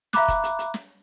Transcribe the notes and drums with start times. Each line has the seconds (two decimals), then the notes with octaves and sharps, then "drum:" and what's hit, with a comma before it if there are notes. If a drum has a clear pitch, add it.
0.13 E5 F5 A#5 B5 D6 F#6, drum: snare
0.28 drum: kick F1, hi-hat
0.44 drum: hi-hat
0.59 drum: hi-hat
0.74 drum: snare